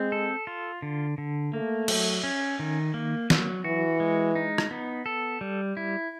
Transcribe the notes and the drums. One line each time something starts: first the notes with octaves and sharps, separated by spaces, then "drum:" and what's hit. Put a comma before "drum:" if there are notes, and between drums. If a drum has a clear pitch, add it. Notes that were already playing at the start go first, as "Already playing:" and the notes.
Already playing: G#3 C4
A4
F4
D3
D3
A3 A#3
F#3, drum: cymbal
C#4
D#3
A#3
F#3, drum: snare
E3 F#4
G#3
D#4
drum: rim click
B3
A4
G3
E4